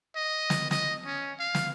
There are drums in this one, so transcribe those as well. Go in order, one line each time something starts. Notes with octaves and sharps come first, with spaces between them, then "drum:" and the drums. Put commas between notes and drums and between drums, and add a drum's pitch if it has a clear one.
D#5
drum: snare
D#5, drum: snare
C#4
F5
drum: snare